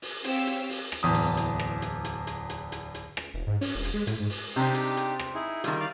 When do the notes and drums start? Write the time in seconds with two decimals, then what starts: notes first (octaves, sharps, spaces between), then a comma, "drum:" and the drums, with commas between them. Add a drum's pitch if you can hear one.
0.02 drum: open hi-hat
0.24 C4 G4 C#5 F5 E6, drum: hi-hat
0.47 drum: hi-hat
0.70 drum: open hi-hat
0.92 drum: rim click
1.03 D1 E2 D#6
1.15 drum: hi-hat
1.37 drum: hi-hat
1.60 drum: rim click
1.82 drum: hi-hat
2.05 drum: hi-hat
2.27 drum: hi-hat
2.50 drum: hi-hat
2.72 drum: hi-hat
2.95 drum: hi-hat
3.17 drum: rim click
3.34 E1
3.47 G#2
3.61 C#4, drum: open hi-hat
3.75 E1
3.84 drum: hi-hat
3.94 G#3
4.07 A2, drum: hi-hat
4.20 G#2
4.29 drum: open hi-hat
4.56 C3 C4 D4 D#4 G4
4.74 drum: hi-hat
4.97 drum: hi-hat
5.19 drum: rim click
5.34 D#4 E4 G#4
5.64 D#3 G3 E4 F4, drum: hi-hat
5.80 D5 F5